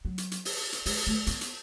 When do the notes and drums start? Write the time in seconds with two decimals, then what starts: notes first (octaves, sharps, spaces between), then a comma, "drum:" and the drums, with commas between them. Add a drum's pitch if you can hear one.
0.05 F#3
0.18 drum: hi-hat
0.31 drum: hi-hat
0.45 drum: open hi-hat
0.73 drum: hi-hat
0.86 G#3, drum: open hi-hat
1.07 A3
1.27 B3, drum: hi-hat
1.41 drum: hi-hat